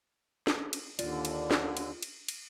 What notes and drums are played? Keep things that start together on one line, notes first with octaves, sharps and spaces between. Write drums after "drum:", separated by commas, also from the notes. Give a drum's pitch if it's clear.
drum: snare
drum: cymbal
D#2 D3 F4 D5, drum: cymbal
drum: cymbal
drum: snare
drum: cymbal
drum: cymbal
drum: cymbal